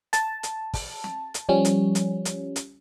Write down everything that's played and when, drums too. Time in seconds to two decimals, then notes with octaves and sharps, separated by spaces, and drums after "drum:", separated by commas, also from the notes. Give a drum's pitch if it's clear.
0.13 A5, drum: hi-hat
0.43 drum: hi-hat
0.74 drum: kick, open hi-hat
1.04 drum: snare
1.34 drum: hi-hat
1.49 F3 G3 C#4
1.65 drum: hi-hat
1.95 drum: hi-hat
2.25 drum: hi-hat
2.56 drum: hi-hat